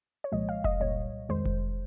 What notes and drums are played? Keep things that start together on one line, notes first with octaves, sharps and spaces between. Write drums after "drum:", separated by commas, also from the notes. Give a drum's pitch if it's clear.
C#5
C2 A#2 F3 G#3 D#5
F5
D#5, drum: kick F1
C2 A#2 G3 C#5
F2 D#3 G#3 C5
drum: kick F1